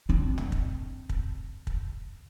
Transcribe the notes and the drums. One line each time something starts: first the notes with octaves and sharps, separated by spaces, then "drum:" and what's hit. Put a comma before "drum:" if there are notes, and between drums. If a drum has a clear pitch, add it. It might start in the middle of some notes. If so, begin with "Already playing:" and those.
C4 D4
drum: tom
drum: kick
drum: kick
drum: kick